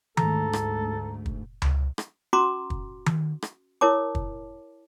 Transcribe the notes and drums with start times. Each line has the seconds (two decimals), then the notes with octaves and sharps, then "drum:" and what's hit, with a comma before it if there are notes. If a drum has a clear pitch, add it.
0.17 D2 G#2 A3 A4 A#5, drum: tom D#3
0.53 drum: rim click
1.26 drum: kick
1.62 drum: tom C#2
1.98 drum: rim click
2.33 C#4 F#4 A#5 C6 D6
2.70 drum: kick
3.06 drum: tom D#3
3.42 drum: rim click
3.81 E4 A#4 C#5 A5 D6
4.15 drum: kick